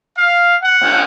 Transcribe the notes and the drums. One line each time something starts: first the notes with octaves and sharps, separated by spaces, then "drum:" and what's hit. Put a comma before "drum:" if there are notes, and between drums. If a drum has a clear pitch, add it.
F5
F#5
drum: cymbal